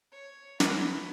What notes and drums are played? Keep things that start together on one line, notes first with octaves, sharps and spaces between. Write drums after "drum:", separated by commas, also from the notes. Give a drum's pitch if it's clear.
C#5
B5, drum: snare